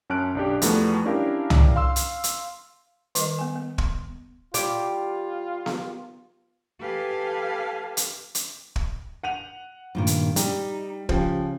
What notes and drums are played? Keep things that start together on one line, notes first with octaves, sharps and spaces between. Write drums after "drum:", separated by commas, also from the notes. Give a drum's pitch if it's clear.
F#2 C#4 A5 F6 F#6 D7
B1 D4 G4
E2 F3 G3 A3 B3, drum: hi-hat
C#4 D4 E4 G4 A#4 F5
drum: tom
F5 C6 E6
drum: hi-hat
drum: hi-hat
D#3 G3 A#4 D#5, drum: hi-hat
B3 G#5
B3
C6, drum: kick
G3 F4 G4, drum: hi-hat
drum: snare B3
G4 A4 B4 F5 G#5 A5
drum: hi-hat
drum: hi-hat
drum: kick
F#5 D#7 F7
G2 A#2 D#3
drum: hi-hat
G3 D#4, drum: hi-hat
C#3 F3 G4, drum: kick